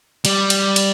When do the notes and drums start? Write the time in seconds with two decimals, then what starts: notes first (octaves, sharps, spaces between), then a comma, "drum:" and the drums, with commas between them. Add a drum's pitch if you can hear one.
0.25 G3, drum: cymbal
0.50 drum: cymbal
0.76 drum: cymbal